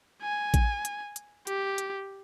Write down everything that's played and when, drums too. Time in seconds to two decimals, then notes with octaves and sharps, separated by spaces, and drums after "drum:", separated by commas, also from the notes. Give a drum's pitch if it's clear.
0.22 G#5
0.54 drum: kick A1, hi-hat
0.85 drum: hi-hat
1.16 drum: hi-hat
1.47 G4, drum: hi-hat
1.78 drum: hi-hat